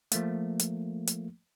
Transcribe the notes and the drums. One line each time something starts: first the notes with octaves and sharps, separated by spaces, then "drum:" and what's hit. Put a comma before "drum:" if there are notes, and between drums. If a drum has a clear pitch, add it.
F3 A3 A#3, drum: hi-hat
drum: hi-hat
drum: hi-hat